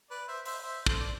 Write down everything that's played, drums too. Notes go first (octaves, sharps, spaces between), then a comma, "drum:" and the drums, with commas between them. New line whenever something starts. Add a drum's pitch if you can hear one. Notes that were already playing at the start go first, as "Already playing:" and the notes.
B4 D5
C5 E5
C5 E5, drum: open hi-hat
C5 E5
A4 C5, drum: kick
D5